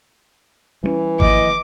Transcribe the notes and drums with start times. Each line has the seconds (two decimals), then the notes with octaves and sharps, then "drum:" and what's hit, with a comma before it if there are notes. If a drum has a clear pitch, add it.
0.84 E3 G3 G#3 C#4
1.20 D#3 F3 A#3 D#5 D6, drum: kick G#1